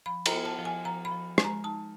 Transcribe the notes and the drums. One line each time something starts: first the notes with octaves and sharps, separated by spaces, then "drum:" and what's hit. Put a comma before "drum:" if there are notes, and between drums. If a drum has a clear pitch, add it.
F3 B5
A#5, drum: cymbal
B3
A5
F3
G#5
F3 A#5
B5
F3
G#3, drum: rim click
A#5
D#4 A5